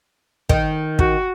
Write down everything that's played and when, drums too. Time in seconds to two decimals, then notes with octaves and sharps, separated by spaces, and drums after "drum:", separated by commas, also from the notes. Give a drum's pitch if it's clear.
0.49 D#3, drum: kick
0.99 F#4, drum: kick